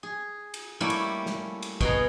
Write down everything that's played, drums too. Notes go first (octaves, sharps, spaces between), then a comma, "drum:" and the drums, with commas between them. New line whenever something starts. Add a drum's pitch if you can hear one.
G#4
drum: cymbal
G3 A3 A#3 C#4 E4
drum: cymbal
drum: snare
drum: cymbal
B2 G#4 A#5, drum: kick